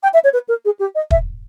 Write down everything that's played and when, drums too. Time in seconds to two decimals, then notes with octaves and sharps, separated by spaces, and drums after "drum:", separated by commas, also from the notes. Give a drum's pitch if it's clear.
0.02 G5
0.13 E5
0.23 C#5
0.33 B4
0.48 A#4
0.65 G#4
0.79 G4
0.95 D#5
1.11 E5, drum: kick